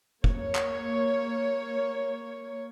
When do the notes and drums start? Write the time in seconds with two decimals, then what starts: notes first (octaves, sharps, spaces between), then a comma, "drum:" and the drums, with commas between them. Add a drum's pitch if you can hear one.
0.24 A#3 C#5, drum: kick
0.55 drum: clap